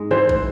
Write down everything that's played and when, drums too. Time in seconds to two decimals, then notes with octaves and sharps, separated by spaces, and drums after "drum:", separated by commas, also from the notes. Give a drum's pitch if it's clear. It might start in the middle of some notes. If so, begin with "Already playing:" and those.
Already playing: G#2 G#3
0.11 E3 C5
0.29 drum: kick